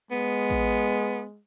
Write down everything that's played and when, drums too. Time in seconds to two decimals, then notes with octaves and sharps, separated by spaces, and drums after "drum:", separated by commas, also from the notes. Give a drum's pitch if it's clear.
0.11 G#3 B3
0.50 drum: kick A1